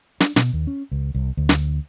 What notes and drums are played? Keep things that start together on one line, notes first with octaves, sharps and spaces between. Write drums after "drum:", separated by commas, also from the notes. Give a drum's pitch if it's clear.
D4, drum: snare
B2, drum: snare
D#2
C#4
C#2
C2
D2
drum: snare